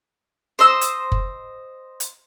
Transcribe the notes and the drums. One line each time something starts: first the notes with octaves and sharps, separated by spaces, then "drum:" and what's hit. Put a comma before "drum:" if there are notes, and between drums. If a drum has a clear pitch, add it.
C5 D#5 E6
drum: hi-hat
drum: kick F#1
drum: hi-hat